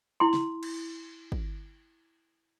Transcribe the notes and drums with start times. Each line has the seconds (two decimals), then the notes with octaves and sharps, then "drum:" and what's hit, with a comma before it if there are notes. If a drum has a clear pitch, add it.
0.20 E4 C6
0.34 drum: snare
0.63 drum: cymbal
1.32 drum: kick